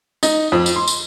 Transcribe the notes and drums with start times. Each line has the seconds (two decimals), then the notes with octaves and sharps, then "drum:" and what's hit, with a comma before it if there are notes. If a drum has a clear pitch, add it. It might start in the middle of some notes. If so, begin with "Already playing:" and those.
0.23 D#4, drum: tambourine
0.52 F2
0.66 drum: tambourine
0.76 C6
0.88 drum: tambourine